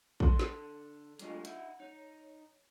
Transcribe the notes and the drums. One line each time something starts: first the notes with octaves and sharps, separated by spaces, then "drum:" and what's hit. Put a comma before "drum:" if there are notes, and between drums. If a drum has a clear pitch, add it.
D3 A4 C6, drum: kick
drum: snare
F#3 G#3 A3 D4 F4 D#5, drum: hi-hat
D#4 E5 F#5, drum: hi-hat
D#4 C#5